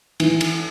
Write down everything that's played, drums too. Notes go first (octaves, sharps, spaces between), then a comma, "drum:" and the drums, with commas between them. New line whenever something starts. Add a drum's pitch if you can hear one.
E3, drum: cymbal
drum: cymbal